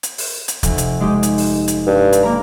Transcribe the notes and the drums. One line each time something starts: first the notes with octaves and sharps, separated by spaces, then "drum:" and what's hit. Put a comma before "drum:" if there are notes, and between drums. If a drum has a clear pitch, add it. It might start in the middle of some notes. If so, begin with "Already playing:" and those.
drum: hi-hat
drum: open hi-hat
drum: hi-hat
F1, drum: kick, hi-hat
drum: hi-hat
G#3 D#4 G4
drum: hi-hat
drum: open hi-hat
drum: hi-hat
G2
drum: hi-hat
A#3 A#5